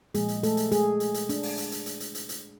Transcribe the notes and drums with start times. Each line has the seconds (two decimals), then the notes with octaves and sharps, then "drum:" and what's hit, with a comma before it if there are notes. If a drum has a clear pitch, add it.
0.14 A#2 F3 G#3 A#3 G#4, drum: hi-hat
0.28 drum: hi-hat
0.43 A3 A4, drum: hi-hat
0.57 drum: hi-hat
0.72 G#3 G#4, drum: hi-hat
1.00 drum: hi-hat
1.14 drum: hi-hat
1.29 D4, drum: hi-hat
1.43 drum: open hi-hat
1.57 drum: hi-hat
1.72 drum: hi-hat
1.86 drum: hi-hat
2.00 drum: hi-hat
2.15 drum: hi-hat
2.29 drum: hi-hat